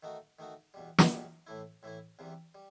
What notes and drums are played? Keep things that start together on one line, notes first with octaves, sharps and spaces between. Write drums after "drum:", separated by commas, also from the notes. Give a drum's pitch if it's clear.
D#3 A3 D#4 F#4
D#3 A3 D#4 F#4
E2 B2 G3
drum: snare
E2 B2 G3
A2 E3 A3 E4
A2 E3 A3 E4
E2 C3 E3 G3
G3